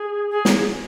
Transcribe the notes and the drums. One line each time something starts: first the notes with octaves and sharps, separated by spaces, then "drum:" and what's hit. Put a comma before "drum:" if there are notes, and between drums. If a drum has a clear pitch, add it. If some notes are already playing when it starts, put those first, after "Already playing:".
Already playing: G#4
G#4
drum: snare